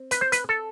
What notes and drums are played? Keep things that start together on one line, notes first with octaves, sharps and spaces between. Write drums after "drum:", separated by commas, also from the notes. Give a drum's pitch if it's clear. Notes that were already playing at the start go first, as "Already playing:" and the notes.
Already playing: C4
B4, drum: hi-hat
C5
B4, drum: hi-hat
A4